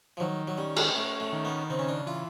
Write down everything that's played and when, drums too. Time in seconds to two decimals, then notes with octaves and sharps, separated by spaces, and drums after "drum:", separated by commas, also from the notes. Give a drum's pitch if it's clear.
0.17 F3
0.20 D#3 F#3
0.48 F#3
0.58 G3 C#4
0.76 G#3, drum: cymbal
0.95 A3 C#4
1.20 A3
1.32 D#3
1.45 B3
1.70 C#3 C4
1.79 C#4
1.88 D4
2.06 E3 F4